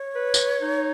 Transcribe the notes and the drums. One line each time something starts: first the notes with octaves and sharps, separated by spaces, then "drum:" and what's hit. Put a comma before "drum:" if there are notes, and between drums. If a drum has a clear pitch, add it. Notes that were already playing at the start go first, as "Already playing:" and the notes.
Already playing: C#5
B4
drum: tambourine
D#4